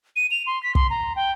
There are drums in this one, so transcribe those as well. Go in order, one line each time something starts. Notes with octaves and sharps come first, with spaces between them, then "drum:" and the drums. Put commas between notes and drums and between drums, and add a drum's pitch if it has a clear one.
D#7
F7
C6
B6
C6, drum: kick
A#5
G5